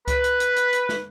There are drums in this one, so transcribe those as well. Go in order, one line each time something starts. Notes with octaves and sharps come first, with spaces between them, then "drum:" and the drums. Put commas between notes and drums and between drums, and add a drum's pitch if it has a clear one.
B4, drum: kick C#2, hi-hat
drum: hi-hat
drum: hi-hat
drum: hi-hat
drum: hi-hat
drum: snare